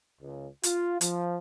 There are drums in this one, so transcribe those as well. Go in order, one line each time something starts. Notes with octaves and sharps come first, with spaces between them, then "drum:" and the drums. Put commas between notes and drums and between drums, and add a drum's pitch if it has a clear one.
C#2
F4, drum: hi-hat
F3, drum: hi-hat